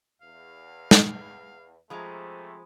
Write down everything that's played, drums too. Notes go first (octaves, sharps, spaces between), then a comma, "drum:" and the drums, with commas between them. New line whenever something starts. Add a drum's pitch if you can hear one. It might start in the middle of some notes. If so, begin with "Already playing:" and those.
E2 F5
drum: snare
C3 F3 G#3 A3 A#5 B5 D#6